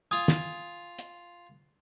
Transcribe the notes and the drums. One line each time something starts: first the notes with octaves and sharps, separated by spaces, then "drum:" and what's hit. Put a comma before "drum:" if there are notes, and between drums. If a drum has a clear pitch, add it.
F4 G#5 D#6
drum: snare
drum: hi-hat